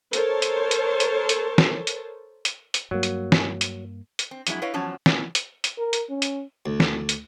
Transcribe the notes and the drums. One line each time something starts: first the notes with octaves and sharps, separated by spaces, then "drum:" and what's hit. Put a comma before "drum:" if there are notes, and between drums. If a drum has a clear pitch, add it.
A4 A#4 C5 C#5 A5, drum: hi-hat
drum: hi-hat
drum: hi-hat
drum: hi-hat
drum: hi-hat
drum: snare
drum: hi-hat
drum: hi-hat
drum: hi-hat
G2 F#3 A#3
drum: hi-hat
drum: snare
drum: hi-hat
drum: hi-hat
C4
F2 F#3 G#3 E4, drum: hi-hat
E4 B4 C#5 D#5 F5
E2 F3 F#3 C#4 A5
drum: snare
drum: hi-hat
drum: hi-hat
A#4
drum: hi-hat
C#4
drum: hi-hat
D2
drum: snare
drum: hi-hat